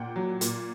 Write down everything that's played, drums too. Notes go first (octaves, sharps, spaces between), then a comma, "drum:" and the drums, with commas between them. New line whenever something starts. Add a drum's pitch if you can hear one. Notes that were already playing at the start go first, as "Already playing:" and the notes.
Already playing: A#2 F#5 G5
F#3
A#2, drum: hi-hat